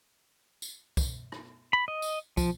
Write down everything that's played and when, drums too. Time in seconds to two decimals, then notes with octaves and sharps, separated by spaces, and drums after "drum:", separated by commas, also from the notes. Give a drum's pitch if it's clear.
0.62 drum: tambourine
0.97 drum: kick, tambourine
1.32 drum: rim click
1.73 B5
1.88 D#5
2.02 drum: tambourine
2.37 F3, drum: kick, tambourine